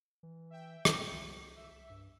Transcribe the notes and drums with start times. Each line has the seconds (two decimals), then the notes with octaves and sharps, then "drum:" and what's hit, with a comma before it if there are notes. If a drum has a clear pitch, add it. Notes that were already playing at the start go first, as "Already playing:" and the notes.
0.23 E3
0.50 E5 G5
0.85 drum: rim click
1.11 C2
1.56 E5
1.90 G2